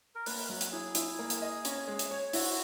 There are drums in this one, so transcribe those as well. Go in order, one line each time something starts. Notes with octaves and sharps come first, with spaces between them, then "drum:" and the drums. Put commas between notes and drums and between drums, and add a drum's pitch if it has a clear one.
A#4
A#3 B4, drum: open hi-hat
F#3
drum: hi-hat
E4 G#4
E4, drum: hi-hat
A#3
drum: hi-hat
D#5
C#4, drum: hi-hat
G#3
drum: hi-hat
C#5
E4 F#4, drum: open hi-hat